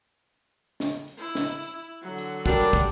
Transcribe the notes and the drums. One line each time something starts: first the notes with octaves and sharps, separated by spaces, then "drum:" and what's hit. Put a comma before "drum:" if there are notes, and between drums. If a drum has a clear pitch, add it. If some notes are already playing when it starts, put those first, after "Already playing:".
drum: snare
drum: hi-hat
E4
drum: snare
drum: hi-hat
D3 F#3
drum: hi-hat
G3 D4 F#4 A#4, drum: kick
drum: kick, hi-hat